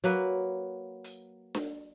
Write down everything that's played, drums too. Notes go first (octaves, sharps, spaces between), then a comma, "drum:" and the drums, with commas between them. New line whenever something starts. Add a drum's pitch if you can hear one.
F#3 A#3 B4, drum: hi-hat
drum: hi-hat
drum: snare D4